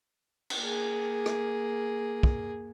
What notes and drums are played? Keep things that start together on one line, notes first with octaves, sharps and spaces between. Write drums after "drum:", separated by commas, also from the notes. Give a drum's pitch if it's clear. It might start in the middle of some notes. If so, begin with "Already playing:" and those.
drum: cymbal
A#3 G#4
drum: rim click
drum: kick